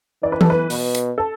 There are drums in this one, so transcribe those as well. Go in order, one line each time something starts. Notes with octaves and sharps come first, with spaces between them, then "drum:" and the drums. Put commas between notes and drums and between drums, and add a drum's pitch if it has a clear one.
E3 D5
B4
A4, drum: tom E3
B4
B2, drum: open hi-hat
drum: hi-hat
A4